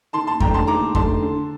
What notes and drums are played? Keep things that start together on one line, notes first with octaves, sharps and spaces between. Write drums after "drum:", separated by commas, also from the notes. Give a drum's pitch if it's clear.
D#3 A5 C6
A5 C6
A3 D4 G5 A#5, drum: kick F2
A5 C6
D#3 A#5 D6
A3 D4 A5 C6, drum: kick F2
D3